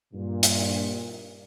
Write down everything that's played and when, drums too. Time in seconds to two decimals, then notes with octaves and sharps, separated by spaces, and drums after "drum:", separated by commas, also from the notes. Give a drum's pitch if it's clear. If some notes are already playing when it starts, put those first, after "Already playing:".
0.14 G2 A#2
0.43 drum: hi-hat